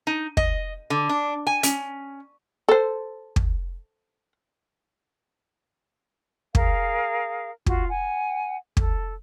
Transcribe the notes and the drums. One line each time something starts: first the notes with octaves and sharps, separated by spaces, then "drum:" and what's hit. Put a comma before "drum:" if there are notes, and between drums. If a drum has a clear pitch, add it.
D#4
D#5, drum: kick
D3
D4
G#5
C#4, drum: hi-hat
A4 C5
drum: kick
G#4 A#4 F5, drum: kick
F4 F#4, drum: kick
F#5 G#5
A4, drum: kick